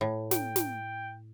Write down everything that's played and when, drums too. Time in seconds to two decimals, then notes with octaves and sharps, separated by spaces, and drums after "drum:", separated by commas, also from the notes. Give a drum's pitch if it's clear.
0.01 A2
0.31 G5, drum: snare
0.56 drum: snare